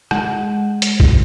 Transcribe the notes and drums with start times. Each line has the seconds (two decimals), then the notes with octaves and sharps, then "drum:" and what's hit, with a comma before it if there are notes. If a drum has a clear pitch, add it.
0.11 G#3 F#5, drum: rim click
0.82 drum: hi-hat
1.00 drum: kick